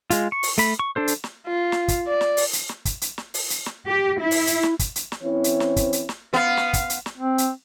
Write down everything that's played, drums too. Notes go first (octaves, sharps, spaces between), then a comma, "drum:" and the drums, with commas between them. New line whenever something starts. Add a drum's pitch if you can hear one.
G#3 F4, drum: hi-hat
C#6
drum: open hi-hat
A3 B5, drum: hi-hat
C#6
D4 A4 C5
drum: hi-hat
drum: snare
F4
drum: snare
drum: kick, hi-hat
D5
drum: snare
drum: open hi-hat
drum: hi-hat
drum: snare
drum: kick, hi-hat
drum: hi-hat
drum: snare
drum: open hi-hat
drum: hi-hat
drum: snare
G4
E4
drum: open hi-hat
drum: hi-hat
drum: snare
drum: kick, hi-hat
drum: hi-hat
drum: snare
E3 C4 C#4 E4 C5 C#5
drum: hi-hat
drum: snare
drum: kick, hi-hat
drum: hi-hat
drum: snare
B3 F5
drum: snare
drum: kick, hi-hat
drum: hi-hat
drum: snare
C4
drum: hi-hat